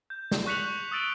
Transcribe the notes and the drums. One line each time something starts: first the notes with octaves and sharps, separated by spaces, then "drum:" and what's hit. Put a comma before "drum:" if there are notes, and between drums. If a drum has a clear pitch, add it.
G6
drum: snare
C#6 F#6 B6 C#7 F7 F#7
D#6 E6 A6 D7 F#7 G7